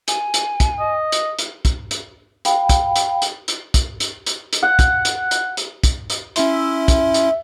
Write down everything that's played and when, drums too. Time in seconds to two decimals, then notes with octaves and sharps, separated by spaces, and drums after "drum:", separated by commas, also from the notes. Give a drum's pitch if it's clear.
0.08 G#5, drum: hi-hat
0.34 drum: hi-hat
0.60 drum: kick, hi-hat
0.79 D#5
1.12 drum: hi-hat
1.39 drum: hi-hat
1.65 drum: kick, hi-hat
1.91 drum: hi-hat
2.45 F5 G5 B5, drum: hi-hat
2.69 drum: kick, hi-hat
2.96 drum: hi-hat
3.22 drum: hi-hat
3.48 drum: hi-hat
3.74 drum: kick, hi-hat
4.00 drum: hi-hat
4.26 drum: hi-hat
4.53 drum: hi-hat
4.63 F#5
4.79 drum: kick, hi-hat
5.05 drum: hi-hat
5.31 drum: hi-hat
5.57 drum: hi-hat
5.83 drum: kick, hi-hat
6.10 drum: hi-hat
6.36 C#4 E4 E5 C6, drum: hi-hat
6.88 drum: kick, hi-hat
7.14 drum: hi-hat